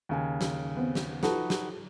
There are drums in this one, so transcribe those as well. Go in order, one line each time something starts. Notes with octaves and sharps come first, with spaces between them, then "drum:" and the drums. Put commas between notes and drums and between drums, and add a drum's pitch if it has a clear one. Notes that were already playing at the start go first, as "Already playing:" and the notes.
D#2 C#3 G#5
drum: snare
B3 C4
drum: snare
F3 D#4 F#4 G4 A4 B4, drum: snare
drum: snare